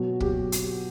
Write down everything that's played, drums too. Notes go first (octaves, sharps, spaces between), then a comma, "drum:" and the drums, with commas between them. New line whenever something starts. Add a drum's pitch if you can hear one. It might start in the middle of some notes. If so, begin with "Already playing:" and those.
Already playing: B2 F#3 F#4
G4, drum: kick
drum: hi-hat